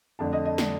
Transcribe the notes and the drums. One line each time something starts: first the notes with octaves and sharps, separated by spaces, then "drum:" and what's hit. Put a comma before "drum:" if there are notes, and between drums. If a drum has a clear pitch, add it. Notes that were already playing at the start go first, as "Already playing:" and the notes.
F2 D3 A3 D4 A5
D#5
D#5
D3 A3 D4, drum: snare